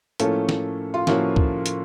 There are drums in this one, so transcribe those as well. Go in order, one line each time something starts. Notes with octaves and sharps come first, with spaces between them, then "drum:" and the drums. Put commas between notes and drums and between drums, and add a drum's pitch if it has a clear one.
A2 F3 A3 A#3 C#4 A4, drum: hi-hat
drum: snare
F4
A2 F3 A#3 C#4 F#4, drum: snare
drum: kick
drum: hi-hat